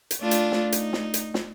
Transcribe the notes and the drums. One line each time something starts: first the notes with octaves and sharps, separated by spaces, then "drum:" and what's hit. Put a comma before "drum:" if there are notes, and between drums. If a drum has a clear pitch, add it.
drum: hi-hat
A3 D4 F4
drum: hi-hat
drum: snare
D#4, drum: hi-hat
drum: snare
drum: hi-hat
drum: snare